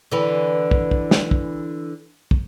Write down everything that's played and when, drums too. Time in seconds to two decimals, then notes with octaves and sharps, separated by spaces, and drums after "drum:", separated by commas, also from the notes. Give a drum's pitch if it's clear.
0.12 D3 E3
0.71 drum: kick
0.91 drum: kick
1.11 drum: snare
1.31 drum: kick
2.31 drum: kick